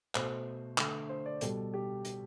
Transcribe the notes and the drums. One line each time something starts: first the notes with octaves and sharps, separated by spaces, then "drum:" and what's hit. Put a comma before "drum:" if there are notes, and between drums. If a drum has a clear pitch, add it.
B2 A3 C5, drum: clap
D3 A3, drum: clap
C5
D5
B2 G3 A4, drum: hi-hat
G4
drum: hi-hat